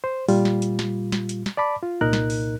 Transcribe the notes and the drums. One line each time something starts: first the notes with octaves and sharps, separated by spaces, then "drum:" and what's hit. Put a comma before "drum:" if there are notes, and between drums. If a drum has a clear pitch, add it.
C5
A#2 G3 F4, drum: open hi-hat
drum: snare
drum: hi-hat
drum: snare
drum: snare
drum: hi-hat
drum: snare
D5 A5 B5 D6
F4
C2 A#2 D#4 A#4 F#6
drum: snare
drum: open hi-hat